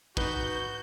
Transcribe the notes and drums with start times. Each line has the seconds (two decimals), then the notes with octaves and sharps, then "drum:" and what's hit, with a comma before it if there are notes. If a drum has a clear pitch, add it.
0.17 D#4 F#4 B4 G6, drum: kick